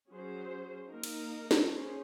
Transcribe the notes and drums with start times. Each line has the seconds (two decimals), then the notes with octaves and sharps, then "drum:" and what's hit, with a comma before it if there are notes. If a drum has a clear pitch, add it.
0.09 F#3 C#4 G#4 C5
0.88 A#3 D#4 A#4
1.04 drum: cymbal
1.51 drum: snare
1.66 C#4 G#4 C5